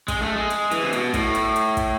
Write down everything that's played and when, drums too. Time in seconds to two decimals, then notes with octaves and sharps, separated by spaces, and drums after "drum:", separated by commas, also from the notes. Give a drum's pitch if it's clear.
0.08 G#3, drum: kick, hi-hat
0.22 A3
0.36 G#3
0.50 drum: hi-hat
0.71 E3, drum: hi-hat
0.82 C3
0.93 B2, drum: hi-hat
1.14 A2, drum: kick, hi-hat
1.35 drum: hi-hat
1.56 drum: hi-hat
1.77 drum: kick, hi-hat